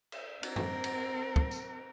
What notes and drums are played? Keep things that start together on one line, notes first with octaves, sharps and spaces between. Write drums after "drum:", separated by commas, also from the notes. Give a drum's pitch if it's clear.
drum: cymbal
C4 A#4, drum: cymbal
drum: tom F#2
drum: cymbal
drum: kick
drum: tambourine